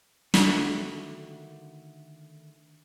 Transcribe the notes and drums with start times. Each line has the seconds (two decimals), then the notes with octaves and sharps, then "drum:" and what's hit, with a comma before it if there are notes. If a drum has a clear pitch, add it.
0.34 D3 D#3 A3 D4 F#4, drum: snare